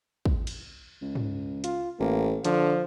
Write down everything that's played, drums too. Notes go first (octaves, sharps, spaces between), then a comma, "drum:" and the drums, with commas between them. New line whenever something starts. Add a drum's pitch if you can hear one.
drum: kick
drum: cymbal
C#2
drum: tom
F4, drum: hi-hat
A1 A#3
D3 F3, drum: hi-hat